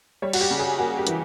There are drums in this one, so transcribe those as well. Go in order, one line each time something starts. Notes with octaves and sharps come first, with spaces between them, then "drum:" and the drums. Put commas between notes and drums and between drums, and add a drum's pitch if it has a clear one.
G3 C#5
F#4, drum: cymbal
G4
C#3
G#4
A#3 F#4
G4
E3, drum: hi-hat